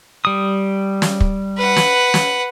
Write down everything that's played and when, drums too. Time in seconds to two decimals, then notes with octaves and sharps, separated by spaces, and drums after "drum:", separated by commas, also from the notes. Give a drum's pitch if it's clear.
0.25 G3 D#6
1.02 drum: snare
1.20 drum: kick
1.58 B4 F#5
1.76 drum: snare
2.14 drum: snare